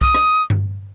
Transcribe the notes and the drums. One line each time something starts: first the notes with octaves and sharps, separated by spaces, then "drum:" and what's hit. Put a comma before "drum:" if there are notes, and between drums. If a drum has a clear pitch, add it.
D#6, drum: kick C2
drum: rim click
drum: tom G2